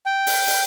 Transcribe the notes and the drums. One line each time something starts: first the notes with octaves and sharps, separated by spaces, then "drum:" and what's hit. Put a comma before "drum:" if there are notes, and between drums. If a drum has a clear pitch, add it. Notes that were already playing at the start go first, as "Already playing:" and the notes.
G5
drum: open hi-hat
drum: open hi-hat